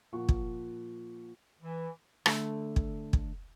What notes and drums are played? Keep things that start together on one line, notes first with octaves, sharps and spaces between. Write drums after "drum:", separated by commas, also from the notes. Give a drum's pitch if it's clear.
A#2 F3 F4 F#5 C#6
drum: kick
E3
D3 A3, drum: rim click
drum: kick
drum: kick